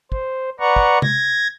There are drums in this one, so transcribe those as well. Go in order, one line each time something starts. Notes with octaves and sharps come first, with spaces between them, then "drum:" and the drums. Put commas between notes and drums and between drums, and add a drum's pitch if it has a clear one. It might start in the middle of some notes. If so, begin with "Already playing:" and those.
C5, drum: kick
B4 D5 F#5 A#5 C#6
drum: kick
G#6 A#6, drum: tom C3